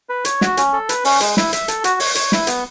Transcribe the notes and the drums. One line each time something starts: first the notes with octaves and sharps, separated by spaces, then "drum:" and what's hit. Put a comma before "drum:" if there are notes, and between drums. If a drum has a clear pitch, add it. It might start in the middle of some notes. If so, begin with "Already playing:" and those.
B4
C#5, drum: hi-hat
F#4, drum: snare
C#4, drum: hi-hat
A4
B4, drum: hi-hat
C#4, drum: open hi-hat
G#3, drum: hi-hat
E4, drum: snare
E5, drum: hi-hat
A4, drum: hi-hat
F#4, drum: hi-hat
C#5, drum: open hi-hat
C#5, drum: hi-hat
E4, drum: snare
B3, drum: hi-hat